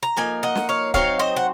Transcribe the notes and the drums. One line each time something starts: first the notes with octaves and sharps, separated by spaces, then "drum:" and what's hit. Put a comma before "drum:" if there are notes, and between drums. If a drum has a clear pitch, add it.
A#5
F3 A#3 D#4 G#5
D#5 F#5
drum: snare
C#5 F5
F#3 C4 D#4 C#5 F5, drum: kick
C5 D#5
F#5